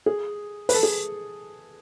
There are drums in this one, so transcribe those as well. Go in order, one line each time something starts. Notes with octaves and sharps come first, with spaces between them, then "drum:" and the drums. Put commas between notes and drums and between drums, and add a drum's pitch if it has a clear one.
G#4
B4, drum: open hi-hat
A4
G#4